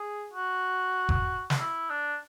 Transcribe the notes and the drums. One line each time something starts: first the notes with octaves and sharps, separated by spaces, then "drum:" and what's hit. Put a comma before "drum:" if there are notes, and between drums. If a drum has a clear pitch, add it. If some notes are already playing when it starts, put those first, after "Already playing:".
Already playing: G#4
F#4
drum: kick F1
drum: snare
E4
D4